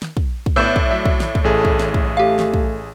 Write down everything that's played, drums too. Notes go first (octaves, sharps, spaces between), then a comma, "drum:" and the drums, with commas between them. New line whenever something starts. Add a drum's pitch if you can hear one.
drum: snare
drum: kick
drum: kick
A2 B3 D5 E6 G6 E7
drum: kick
F#3 E5
drum: kick
drum: snare
drum: kick
A1 G#4 A4
drum: kick
drum: snare
drum: kick
A3 G4 F5
drum: snare
drum: kick